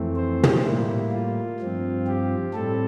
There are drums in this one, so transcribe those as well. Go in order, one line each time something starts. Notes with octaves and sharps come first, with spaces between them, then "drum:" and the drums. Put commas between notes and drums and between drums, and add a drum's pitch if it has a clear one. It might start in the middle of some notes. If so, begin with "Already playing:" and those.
Already playing: F2 E3 A3 C4
C5
drum: tom
A2 G3 A#3 E4
F4
G2 F3 C4
G4
A2 G3 C4 A4